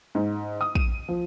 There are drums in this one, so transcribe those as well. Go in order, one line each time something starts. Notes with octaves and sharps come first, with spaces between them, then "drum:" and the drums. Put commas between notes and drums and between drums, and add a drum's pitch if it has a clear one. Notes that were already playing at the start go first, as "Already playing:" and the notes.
G#2
D#6
D#7, drum: kick
F3